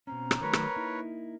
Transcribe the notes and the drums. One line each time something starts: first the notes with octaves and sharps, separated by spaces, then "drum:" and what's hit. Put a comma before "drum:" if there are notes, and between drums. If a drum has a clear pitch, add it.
B2 C4 C#4 A#5
drum: rim click
D#3 F#3 A3 A#4 B4 C#5
drum: rim click
A#3 D#4 E4